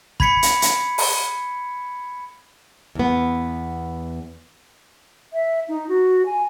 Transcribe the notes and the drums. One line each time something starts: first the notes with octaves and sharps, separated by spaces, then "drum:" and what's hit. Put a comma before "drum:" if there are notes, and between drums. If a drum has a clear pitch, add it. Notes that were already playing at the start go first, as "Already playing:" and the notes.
B5 G#6 B6 C#7, drum: kick
drum: hi-hat
drum: hi-hat
drum: open hi-hat
E2 B3
E5
D#4
F#4
G#5